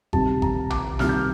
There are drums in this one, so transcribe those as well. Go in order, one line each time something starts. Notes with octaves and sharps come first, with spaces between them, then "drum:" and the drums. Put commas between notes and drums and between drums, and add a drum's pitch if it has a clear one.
C3 D#3 G3 A5, drum: kick G1
A#5, drum: kick G1
D6, drum: tom B1
C3 D#3 G3 F6, drum: snare
G6